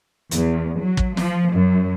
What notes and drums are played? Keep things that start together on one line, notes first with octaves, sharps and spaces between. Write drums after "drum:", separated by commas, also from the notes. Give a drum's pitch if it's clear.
E2, drum: hi-hat
F#3
drum: kick
F3, drum: snare
F#2